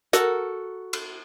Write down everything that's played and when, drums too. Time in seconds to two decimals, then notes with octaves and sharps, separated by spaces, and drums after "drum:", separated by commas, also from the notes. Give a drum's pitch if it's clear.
0.13 F#4 A4 A#4, drum: hi-hat
0.93 drum: cymbal